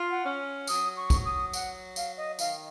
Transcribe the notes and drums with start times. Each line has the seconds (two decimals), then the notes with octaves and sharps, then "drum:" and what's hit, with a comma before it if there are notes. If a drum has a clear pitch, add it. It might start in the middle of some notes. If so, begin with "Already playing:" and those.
Already playing: F4
0.10 F#5
0.25 C#4
0.67 F#3 D#6, drum: tambourine
0.97 C#6
1.10 drum: kick, tambourine
1.25 D#6
1.53 F#5, drum: tambourine
1.96 F5, drum: tambourine
2.17 D#5
2.39 D#3 F5, drum: tambourine